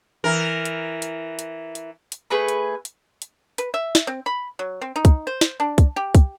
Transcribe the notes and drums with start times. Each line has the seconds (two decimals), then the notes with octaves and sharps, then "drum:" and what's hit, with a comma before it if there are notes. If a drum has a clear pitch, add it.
0.24 E3 A#4
0.65 drum: hi-hat
1.02 drum: hi-hat
1.39 drum: hi-hat
1.75 drum: hi-hat
2.12 drum: hi-hat
2.30 A3 G#4 B4 B5
2.48 drum: hi-hat
2.85 drum: hi-hat
3.22 drum: hi-hat
3.58 B4, drum: hi-hat
3.74 E5
3.95 drum: snare
4.07 C4
4.26 B5
4.59 F#3
4.81 C4
4.96 D#4
5.05 drum: kick, hi-hat
5.27 C5
5.41 drum: snare
5.60 D4
5.78 drum: kick, hi-hat
5.96 G4
6.15 drum: kick, hi-hat